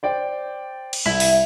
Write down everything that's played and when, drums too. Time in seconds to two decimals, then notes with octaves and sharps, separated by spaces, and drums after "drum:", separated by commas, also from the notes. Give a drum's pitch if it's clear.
0.03 C5 D5 G5
0.93 drum: cymbal
1.05 C2 E4
1.20 drum: open hi-hat